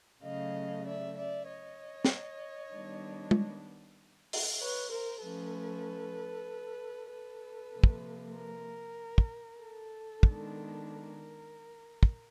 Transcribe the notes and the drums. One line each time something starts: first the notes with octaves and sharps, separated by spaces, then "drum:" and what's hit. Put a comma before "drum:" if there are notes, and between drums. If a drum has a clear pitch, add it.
C#3 F#3 A3 D#5 F5
D5 E5
D5 E5
C#5 D#5
drum: snare
D#3 G3 B3 D4
drum: tom
drum: open hi-hat
B4 C#5
A#4 C5
F3 A3 C#4 A4 B4
A4 B4
C3 F3 A#3
drum: kick
A#4
drum: kick
A4
D#3 G#3 B3 D4, drum: kick
A#4
drum: kick